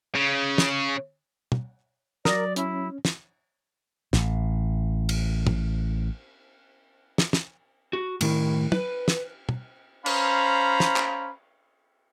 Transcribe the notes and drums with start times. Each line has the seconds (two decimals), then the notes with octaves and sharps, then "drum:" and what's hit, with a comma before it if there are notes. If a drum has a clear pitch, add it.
0.15 C#3
0.58 drum: snare
1.52 drum: tom
2.25 F#3 A#4 D5 D#6 A#6, drum: snare
2.56 C#4 E4, drum: hi-hat
3.05 drum: snare
4.13 A1 A2, drum: snare
5.09 drum: cymbal
5.47 drum: tom
7.18 drum: snare
7.33 drum: snare
7.93 F#4
8.21 A2 D#3 E4, drum: cymbal
8.72 B4, drum: tom
9.08 drum: snare
9.49 drum: tom
10.06 C#4 C5 F5 A#5 B5, drum: cymbal
10.80 drum: snare
10.96 drum: clap